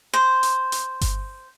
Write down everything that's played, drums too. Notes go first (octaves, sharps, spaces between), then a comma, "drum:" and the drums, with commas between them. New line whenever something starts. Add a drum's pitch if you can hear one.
C5
drum: hi-hat
drum: hi-hat
drum: kick G1, hi-hat